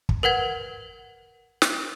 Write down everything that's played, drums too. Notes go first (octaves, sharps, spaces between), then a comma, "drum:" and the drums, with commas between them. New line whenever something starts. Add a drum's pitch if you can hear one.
drum: kick
A#4 B4 F#5 G#6
drum: snare